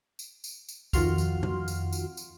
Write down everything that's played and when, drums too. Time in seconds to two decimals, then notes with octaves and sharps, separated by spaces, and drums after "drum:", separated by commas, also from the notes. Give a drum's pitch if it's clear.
0.19 drum: tambourine
0.44 drum: tambourine
0.69 drum: tambourine
0.93 F2 D#3 F4 F#4 C6 F6, drum: kick, tambourine
1.18 drum: tambourine
1.43 drum: tom F2
1.68 drum: tambourine
1.93 drum: tambourine
2.17 drum: tambourine